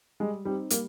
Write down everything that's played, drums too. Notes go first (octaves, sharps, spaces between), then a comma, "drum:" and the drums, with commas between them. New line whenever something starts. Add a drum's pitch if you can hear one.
G3 G#3
G3 C4 D#4
G3 A#3, drum: hi-hat